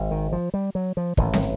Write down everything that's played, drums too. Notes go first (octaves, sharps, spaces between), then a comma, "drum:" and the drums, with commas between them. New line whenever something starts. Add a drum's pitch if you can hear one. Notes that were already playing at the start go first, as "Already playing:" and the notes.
Already playing: G#1 G#2
D#3
F3
G3
F#3
F3
A1 G#2 D#3, drum: kick
D#3, drum: snare